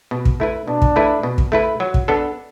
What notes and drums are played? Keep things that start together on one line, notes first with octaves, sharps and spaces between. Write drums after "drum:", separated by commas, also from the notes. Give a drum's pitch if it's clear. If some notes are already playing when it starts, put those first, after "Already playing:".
B2
drum: kick
A3 E4 B4
B2 D4
drum: kick
A3 E4 B4
B2
drum: kick
A3 E4 B4
F#3
drum: kick
B3 D4 A4